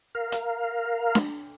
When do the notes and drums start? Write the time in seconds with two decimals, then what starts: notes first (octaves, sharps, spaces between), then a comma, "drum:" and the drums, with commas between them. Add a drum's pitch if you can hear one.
0.15 A#4 F5
0.32 drum: hi-hat
1.15 drum: snare D4